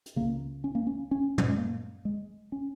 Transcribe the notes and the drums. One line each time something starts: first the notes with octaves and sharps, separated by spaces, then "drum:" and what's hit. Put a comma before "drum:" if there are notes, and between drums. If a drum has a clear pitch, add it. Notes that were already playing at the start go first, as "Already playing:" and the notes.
drum: hi-hat
C#2 C#3 A#3
C#4
A#3
C#4
C#4
C#4, drum: tom
G#3
A#3
G#3
C#4